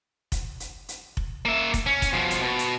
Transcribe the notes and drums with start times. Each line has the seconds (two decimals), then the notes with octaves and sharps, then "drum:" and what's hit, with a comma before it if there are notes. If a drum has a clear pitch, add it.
0.32 drum: kick F1, hi-hat
0.60 drum: hi-hat
0.89 drum: hi-hat
1.17 drum: kick F1
1.45 A#3 E5
1.74 drum: kick F1, hi-hat
1.86 C#4
2.02 drum: kick F1, hi-hat
2.13 B2 F3
2.30 drum: hi-hat
2.42 B2
2.59 drum: hi-hat